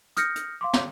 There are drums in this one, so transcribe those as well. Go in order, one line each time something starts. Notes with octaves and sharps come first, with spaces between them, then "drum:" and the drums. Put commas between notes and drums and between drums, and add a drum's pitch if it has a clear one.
D#6 F6 G6 A#6 C#7, drum: hi-hat
drum: hi-hat
F5 C6 D6
drum: snare